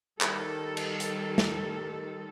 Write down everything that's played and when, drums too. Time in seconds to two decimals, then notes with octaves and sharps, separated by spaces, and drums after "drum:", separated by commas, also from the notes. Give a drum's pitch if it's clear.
0.21 D#3 G3 A4, drum: clap
0.77 drum: cymbal
1.00 drum: hi-hat
1.38 drum: snare